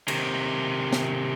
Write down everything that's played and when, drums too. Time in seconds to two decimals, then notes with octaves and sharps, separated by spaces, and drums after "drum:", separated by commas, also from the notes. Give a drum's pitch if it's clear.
0.08 C3 D#3, drum: cymbal
0.93 drum: snare